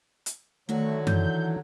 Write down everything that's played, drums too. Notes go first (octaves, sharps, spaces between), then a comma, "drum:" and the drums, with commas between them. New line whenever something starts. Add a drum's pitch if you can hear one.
drum: hi-hat
D3 D#3 F#3 A3 F#4
E3 G6, drum: tom F#2